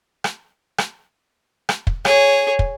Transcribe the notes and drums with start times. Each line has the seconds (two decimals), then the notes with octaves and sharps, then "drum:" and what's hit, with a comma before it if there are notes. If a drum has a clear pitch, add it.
0.24 drum: rim click
0.78 drum: rim click
1.69 drum: rim click
1.87 drum: kick
2.05 G#4 C#5, drum: rim click
2.59 drum: kick